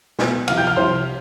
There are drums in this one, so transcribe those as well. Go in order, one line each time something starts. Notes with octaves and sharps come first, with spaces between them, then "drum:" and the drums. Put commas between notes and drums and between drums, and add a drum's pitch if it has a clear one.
B2 B3, drum: snare
C2 C3 F3 F5 F6, drum: cymbal
G5 G6
F5 F6
C2 C3 F3 C5 C6